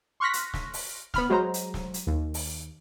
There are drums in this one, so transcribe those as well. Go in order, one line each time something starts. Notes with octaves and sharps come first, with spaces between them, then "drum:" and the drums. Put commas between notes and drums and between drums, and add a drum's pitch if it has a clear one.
C6 C#6 F6 F#6 A#6 B6
drum: hi-hat
drum: snare
drum: open hi-hat
B3 B5 F6, drum: snare
F#3 G#3 C5 A#5
drum: hi-hat
drum: snare
drum: hi-hat
D#2
drum: open hi-hat